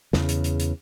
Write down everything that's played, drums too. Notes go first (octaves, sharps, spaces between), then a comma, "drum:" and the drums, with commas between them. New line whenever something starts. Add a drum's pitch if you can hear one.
E2 C#3, drum: snare
drum: hi-hat
drum: hi-hat
drum: hi-hat